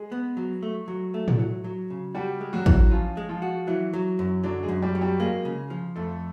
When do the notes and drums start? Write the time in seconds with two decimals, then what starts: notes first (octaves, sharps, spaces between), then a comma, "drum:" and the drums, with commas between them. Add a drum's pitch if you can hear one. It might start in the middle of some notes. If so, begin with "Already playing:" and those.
Already playing: G#3 G#4
0.12 B3
0.37 F#3
0.63 A3
0.88 F#3
1.14 A3
1.28 drum: tom A2
1.39 F#3
1.64 F#3
1.90 C#3
2.14 G3 F#4 G4
2.41 G#3
2.53 F#3 F#4
2.66 E3, drum: kick
2.91 F3 C#4 F4
3.17 G#3
3.29 F3 F4
3.42 F#4
3.67 E3 F#3 E4
3.93 F#3
4.19 F#2
4.43 D3 F#3 D4
4.63 G#3 G#4
4.68 F#2
4.82 G3 G4
4.95 F#3
5.01 G3 G4
5.19 G#3 A#3 G#4
5.45 C#3
5.70 F3
5.96 F2 A3 A4